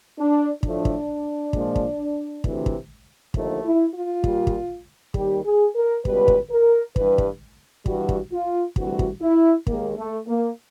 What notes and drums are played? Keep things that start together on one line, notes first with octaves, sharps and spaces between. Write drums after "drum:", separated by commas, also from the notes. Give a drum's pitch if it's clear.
D4
A2 F3 A3 D4, drum: kick
drum: kick
A#2 F3 G#3, drum: kick
drum: kick
D2 C3 E3, drum: kick
drum: kick
D#2 D3 F3 A3 D#4, drum: kick
E4
F4
A#2 G3, drum: kick
drum: kick
D#2 D#3 G3 G4, drum: kick
G#4
A#4
C#2 B2 G3 B4, drum: kick
drum: kick
A#4
G2 E3 G3 B4, drum: kick
drum: kick
G2 E3 G3 F#4, drum: kick
drum: kick
F4
D2 C3 E3 G3 F#4, drum: kick
drum: kick
E4
D#2 D#3 G#3 A#3, drum: kick
A3
A#3